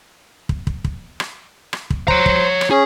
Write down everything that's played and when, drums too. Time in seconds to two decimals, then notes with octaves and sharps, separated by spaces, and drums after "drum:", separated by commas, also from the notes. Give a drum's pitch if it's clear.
0.49 drum: kick
0.67 drum: kick
0.84 drum: kick
1.20 drum: rim click
1.73 drum: rim click
1.90 drum: kick
2.08 C5 C#5 A#5, drum: kick
2.26 drum: kick
2.61 drum: rim click
2.71 C#4 G#4